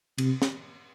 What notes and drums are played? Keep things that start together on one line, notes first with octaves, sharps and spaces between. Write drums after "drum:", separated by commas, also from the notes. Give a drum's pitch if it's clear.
C3, drum: cymbal
drum: snare